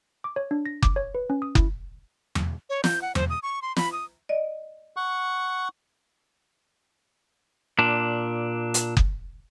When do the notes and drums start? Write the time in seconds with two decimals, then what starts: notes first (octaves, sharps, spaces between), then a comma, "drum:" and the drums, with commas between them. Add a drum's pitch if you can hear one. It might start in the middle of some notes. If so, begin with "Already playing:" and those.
0.24 D6
0.36 C#5
0.51 D4
0.66 A#6
0.82 D6, drum: kick F#1
0.96 C#5
1.15 B4
1.30 C#4
1.42 D#6
1.55 E4, drum: kick F#1
2.35 drum: tom E2
2.70 C#5
2.84 G6, drum: snare
3.02 F#5
3.15 C5, drum: tom E2
3.30 D#6
3.43 C#6
3.62 C6
3.76 B5, drum: snare
3.92 D#6
4.29 D5 D#5
4.96 F#5 C#6
7.79 A#2 D4
8.74 drum: hi-hat
8.97 drum: kick F#1